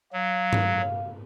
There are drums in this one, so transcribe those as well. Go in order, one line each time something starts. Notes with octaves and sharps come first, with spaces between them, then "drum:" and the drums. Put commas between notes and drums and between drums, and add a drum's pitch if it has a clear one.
F#3 F5
drum: tom G2